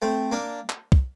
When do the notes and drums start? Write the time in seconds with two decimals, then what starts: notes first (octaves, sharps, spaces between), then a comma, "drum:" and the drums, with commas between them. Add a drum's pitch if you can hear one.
0.02 A3 C4
0.32 A#3 D4
0.69 drum: clap
0.92 drum: kick